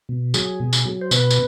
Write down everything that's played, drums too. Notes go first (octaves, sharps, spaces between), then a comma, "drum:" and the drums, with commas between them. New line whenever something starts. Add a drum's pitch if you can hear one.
B2
F#3 G#4, drum: tambourine
B2
drum: tambourine
F#3
C5
B2 B4, drum: tambourine
drum: tambourine